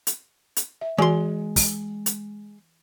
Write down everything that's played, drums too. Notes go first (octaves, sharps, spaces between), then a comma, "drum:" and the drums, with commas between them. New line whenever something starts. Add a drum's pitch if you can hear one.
drum: hi-hat
drum: hi-hat
E5
E3 G#3 F#4 C6
drum: kick, open hi-hat
drum: hi-hat